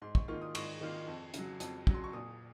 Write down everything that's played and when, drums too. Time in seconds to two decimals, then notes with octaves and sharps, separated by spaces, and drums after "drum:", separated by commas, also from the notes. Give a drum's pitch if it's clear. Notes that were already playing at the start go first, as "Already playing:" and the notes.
0.02 G#2 C6
0.15 C#6, drum: kick
0.28 D#3 A#3 F4 C#6
0.42 D#6
0.55 G#2 C#6, drum: cymbal
0.81 D#3 A#3 F4
1.08 F2
1.34 C#3 F#3, drum: hi-hat
1.60 F2, drum: hi-hat
1.87 C#3 F#3, drum: kick
1.94 C6
2.04 C#6
2.13 A#2 D#6